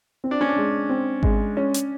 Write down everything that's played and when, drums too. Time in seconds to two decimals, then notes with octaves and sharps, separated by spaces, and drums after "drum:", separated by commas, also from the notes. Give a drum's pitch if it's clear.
0.24 C4
0.31 D4
0.41 C#4
0.49 D4
0.57 G#3
0.89 C4
1.23 G#3, drum: kick G#1
1.57 C#4
1.74 drum: hi-hat